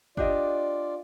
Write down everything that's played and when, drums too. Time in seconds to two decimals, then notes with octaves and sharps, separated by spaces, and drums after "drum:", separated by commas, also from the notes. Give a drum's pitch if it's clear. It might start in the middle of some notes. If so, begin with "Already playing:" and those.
0.17 D4 F4 G4 D5 D#5, drum: kick F#1